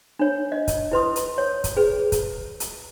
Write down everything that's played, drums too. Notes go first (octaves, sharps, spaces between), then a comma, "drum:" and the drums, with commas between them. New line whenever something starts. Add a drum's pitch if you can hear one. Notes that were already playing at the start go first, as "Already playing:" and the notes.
D4 C#5
D#5
drum: kick, hi-hat
E4 B4 C6 D#6
drum: hi-hat
C#5
drum: kick, hi-hat
G#4 B4
drum: kick, hi-hat
drum: hi-hat